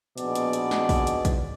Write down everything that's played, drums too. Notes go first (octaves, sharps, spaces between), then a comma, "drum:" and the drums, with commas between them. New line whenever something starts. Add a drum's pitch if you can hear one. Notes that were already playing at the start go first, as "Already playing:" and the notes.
A#1 B2 B3 D#4 G#4 D5, drum: hi-hat
drum: hi-hat
drum: hi-hat
drum: snare
drum: kick A#1, open hi-hat
drum: hi-hat
drum: kick A#1, hi-hat